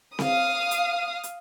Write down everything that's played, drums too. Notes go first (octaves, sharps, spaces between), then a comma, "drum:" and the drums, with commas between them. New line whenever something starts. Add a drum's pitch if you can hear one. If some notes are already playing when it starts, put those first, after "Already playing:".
F5 D#6, drum: snare C4
drum: hi-hat
drum: hi-hat